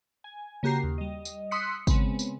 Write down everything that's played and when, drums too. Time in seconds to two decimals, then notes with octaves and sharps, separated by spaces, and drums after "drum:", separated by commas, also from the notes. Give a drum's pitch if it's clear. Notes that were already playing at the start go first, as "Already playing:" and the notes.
0.24 G#5
0.63 C#3 A#3 F#4 G4 A#5 C7
0.83 D#2
0.98 G3 D#5
1.25 drum: tambourine
1.51 C6 D#6 E6 F#6 B6 C#7
1.87 C#3 G#3 B3 C4, drum: kick, tambourine
2.19 drum: tambourine